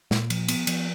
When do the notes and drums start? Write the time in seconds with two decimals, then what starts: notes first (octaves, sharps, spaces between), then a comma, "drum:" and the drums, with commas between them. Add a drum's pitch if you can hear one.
0.11 A#2, drum: snare
0.30 F3, drum: cymbal
0.48 B3, drum: cymbal
0.67 F3, drum: cymbal